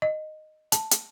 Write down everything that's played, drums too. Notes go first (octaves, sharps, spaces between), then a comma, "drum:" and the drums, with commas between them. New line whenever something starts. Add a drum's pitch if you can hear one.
D#5
A5, drum: hi-hat
drum: hi-hat